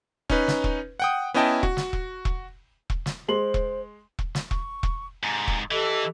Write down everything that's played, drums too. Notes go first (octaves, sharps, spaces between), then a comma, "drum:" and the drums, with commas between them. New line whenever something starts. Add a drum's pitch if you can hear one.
C#4 D#4 B4, drum: kick E1
drum: snare
drum: kick E1
F#5 G5 D#6
B3 C#4 E4 D#5 G5 A5
F#4, drum: kick E1
drum: snare
drum: kick E1
drum: kick E1
drum: kick E1
drum: snare
G#3 C5 C6 F#7
drum: kick E1
drum: kick E1
drum: snare
C#6, drum: kick E1
drum: kick E1
G#2 C3 G#5 A#5
drum: kick E1
E3 G4 A4 D#5